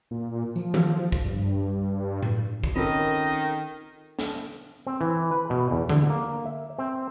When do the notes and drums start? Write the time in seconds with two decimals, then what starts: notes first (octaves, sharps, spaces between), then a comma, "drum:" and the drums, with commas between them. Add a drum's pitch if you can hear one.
0.11 A#2
0.56 F3, drum: tambourine
0.74 drum: tom D#3
1.12 drum: kick
1.24 G2
2.23 drum: tom A2
2.64 drum: kick
2.76 D#3 C4 C#4 F4 A4 A#4 D#5
4.19 drum: snare
4.87 C4
5.01 E3
5.31 B4
5.50 B2
5.71 E2
5.89 D3, drum: tom D3
6.10 A#3
6.46 E5
6.78 C4